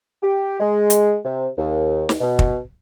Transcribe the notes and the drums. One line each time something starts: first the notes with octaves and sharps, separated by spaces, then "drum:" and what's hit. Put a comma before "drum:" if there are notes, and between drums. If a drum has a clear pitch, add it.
G4
G#3
drum: hi-hat
C3
D#2
drum: snare
B2
drum: kick